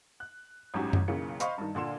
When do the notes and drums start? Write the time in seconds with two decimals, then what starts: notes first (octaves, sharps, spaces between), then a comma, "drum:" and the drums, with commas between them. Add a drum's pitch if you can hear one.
0.20 F#6
0.74 A1 G#2 F#3 C#4 G4
0.93 drum: tom F#2
1.08 B1 C#3 E3 A#3 A#5 C#7
1.40 C5 D#5 F5 B5 C#6, drum: hi-hat
1.58 G2 D#3
1.75 A#2 D3 C6 E7